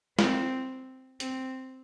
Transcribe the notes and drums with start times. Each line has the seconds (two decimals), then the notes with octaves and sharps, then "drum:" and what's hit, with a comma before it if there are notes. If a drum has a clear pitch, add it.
0.19 C4, drum: snare
1.20 C4, drum: hi-hat